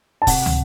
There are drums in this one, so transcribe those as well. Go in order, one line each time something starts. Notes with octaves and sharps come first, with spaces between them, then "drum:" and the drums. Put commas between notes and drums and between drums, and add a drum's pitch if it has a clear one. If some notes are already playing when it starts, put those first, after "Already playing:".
A5
C3 F#5, drum: kick, open hi-hat
drum: tom